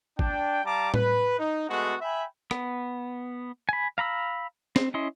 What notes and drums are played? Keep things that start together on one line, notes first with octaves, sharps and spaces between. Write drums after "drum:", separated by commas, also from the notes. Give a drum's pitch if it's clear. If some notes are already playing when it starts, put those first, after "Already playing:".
D4 G5, drum: kick G#1
G3 F5 A5 A#5 D6
B4, drum: tom A2
D#4
G#3 A3 B3 F#4
E5 G5 G#5 B5
B3, drum: rim click
G#5 B5
F5 A#5 B5 E6
C4, drum: snare
C#4 E4 D#5 C6